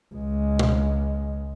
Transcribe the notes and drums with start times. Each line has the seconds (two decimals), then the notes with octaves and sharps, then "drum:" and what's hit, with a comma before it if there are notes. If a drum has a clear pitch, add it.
0.14 C#2 G#3
0.59 drum: tom B2